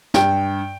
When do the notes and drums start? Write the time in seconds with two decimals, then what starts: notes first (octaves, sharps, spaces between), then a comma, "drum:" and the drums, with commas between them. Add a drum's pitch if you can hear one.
0.14 G2 G5, drum: snare